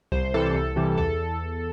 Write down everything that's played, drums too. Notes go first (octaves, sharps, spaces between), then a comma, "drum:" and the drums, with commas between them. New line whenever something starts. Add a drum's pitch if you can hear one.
C2 C5, drum: kick C#2
C3 E3 G3 A4
C2
C3 E3 G3
E2 A4, drum: kick C#2